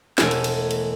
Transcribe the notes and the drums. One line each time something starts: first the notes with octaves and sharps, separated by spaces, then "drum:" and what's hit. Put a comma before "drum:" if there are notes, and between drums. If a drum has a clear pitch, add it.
E1 A3 A4 A#4 G#5 D7, drum: snare
drum: cymbal
drum: cymbal
drum: cymbal